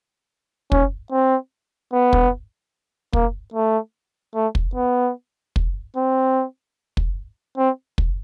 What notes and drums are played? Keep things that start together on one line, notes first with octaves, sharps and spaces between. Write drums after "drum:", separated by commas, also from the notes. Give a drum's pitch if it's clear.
C#4, drum: kick
C4
B3
drum: kick
A#3, drum: kick
A3
A3
drum: kick
B3
drum: kick
C4
drum: kick
C4
drum: kick